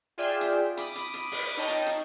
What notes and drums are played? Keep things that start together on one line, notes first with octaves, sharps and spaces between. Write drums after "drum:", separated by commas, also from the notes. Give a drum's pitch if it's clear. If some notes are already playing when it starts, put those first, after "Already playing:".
F4 G#4 D5 E5 G5
drum: hi-hat
B5 D6 D#6, drum: hi-hat
drum: hi-hat
drum: hi-hat
drum: open hi-hat
D#4 C#5 D#5 G5 A5 D#6
drum: hi-hat
drum: hi-hat